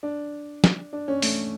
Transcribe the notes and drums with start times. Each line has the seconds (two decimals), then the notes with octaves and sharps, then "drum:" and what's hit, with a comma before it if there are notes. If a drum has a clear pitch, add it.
0.03 D4
0.64 drum: snare
0.93 D4
1.08 C#4
1.22 A3, drum: open hi-hat